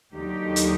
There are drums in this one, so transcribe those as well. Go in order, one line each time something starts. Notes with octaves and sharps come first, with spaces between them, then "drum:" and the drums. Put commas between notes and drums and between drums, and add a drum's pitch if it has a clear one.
D#2 D3 F#3 D#4 G4
drum: hi-hat